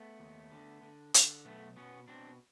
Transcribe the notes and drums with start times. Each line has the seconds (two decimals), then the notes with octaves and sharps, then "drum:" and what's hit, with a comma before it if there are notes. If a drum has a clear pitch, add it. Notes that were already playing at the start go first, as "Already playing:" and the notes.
Already playing: A3 B3
0.20 D#2
0.52 D3
0.82 D3
1.14 D3, drum: hi-hat
1.45 B1 A3 B3
1.77 B2 B3 C#4
2.08 B2 C4 D4